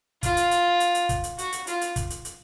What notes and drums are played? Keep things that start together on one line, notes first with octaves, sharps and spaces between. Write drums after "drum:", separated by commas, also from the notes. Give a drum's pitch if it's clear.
F4, drum: kick, hi-hat
drum: hi-hat
drum: hi-hat
drum: hi-hat
drum: hi-hat
drum: kick, hi-hat
drum: hi-hat
F#4, drum: hi-hat
drum: hi-hat
F4, drum: hi-hat
drum: hi-hat
drum: kick, hi-hat
drum: hi-hat
drum: hi-hat